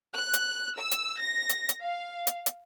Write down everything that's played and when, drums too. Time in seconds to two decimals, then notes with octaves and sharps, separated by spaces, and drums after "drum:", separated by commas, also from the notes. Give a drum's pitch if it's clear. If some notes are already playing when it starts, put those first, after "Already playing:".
0.14 F#6
0.33 drum: hi-hat
0.76 E6
0.91 drum: hi-hat
1.19 A#6
1.49 drum: hi-hat
1.69 drum: hi-hat
1.82 F5
2.27 drum: hi-hat
2.46 drum: hi-hat